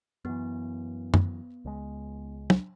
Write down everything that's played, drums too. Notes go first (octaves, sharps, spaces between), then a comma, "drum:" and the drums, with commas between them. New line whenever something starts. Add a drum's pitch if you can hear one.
F#2 E3 B3
drum: tom
C#2 G#3
drum: tom